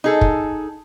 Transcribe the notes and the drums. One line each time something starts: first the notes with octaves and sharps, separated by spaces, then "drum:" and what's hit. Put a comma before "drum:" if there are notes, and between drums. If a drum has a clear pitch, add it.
D#4 G#4 A4
drum: kick